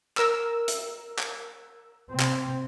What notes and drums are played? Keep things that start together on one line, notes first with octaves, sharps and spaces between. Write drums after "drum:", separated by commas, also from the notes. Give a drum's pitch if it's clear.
A#4 E6, drum: clap
drum: hi-hat
drum: clap
C3 C4
drum: clap